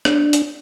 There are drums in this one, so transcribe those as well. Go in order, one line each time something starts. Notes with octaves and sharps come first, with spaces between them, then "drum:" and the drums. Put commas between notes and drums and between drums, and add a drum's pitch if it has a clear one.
D4, drum: rim click
drum: hi-hat